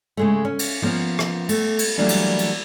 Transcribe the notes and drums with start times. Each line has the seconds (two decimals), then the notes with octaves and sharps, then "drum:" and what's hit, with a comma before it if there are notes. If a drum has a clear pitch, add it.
0.17 C#3 G#3 A3
0.45 C#4
0.59 drum: cymbal
0.82 F3 A#3 B3 C#4
1.19 drum: rim click
1.49 A3, drum: cymbal
1.79 drum: cymbal
1.98 E3 F#3 G3 A3 A#3 D4
2.09 drum: cymbal
2.39 drum: cymbal